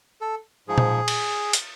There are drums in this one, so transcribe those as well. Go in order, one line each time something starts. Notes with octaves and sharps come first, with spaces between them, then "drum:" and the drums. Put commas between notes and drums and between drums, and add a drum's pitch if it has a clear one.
A4
G#2 F3 G#4
drum: tom A#2
drum: cymbal
drum: hi-hat